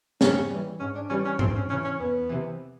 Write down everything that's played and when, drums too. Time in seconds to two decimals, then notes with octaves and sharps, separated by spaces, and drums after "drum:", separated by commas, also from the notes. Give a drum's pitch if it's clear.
0.21 G#2 C#4, drum: snare
0.50 E3 G3
0.80 G#2 C#4
0.95 D4
1.09 E3 G3 C#4
1.25 C#4
1.39 E2 C4, drum: tom G#2
1.55 C#4
1.70 C3 E3 C#4
1.84 C#4
1.99 E2 B3
2.29 C3 E3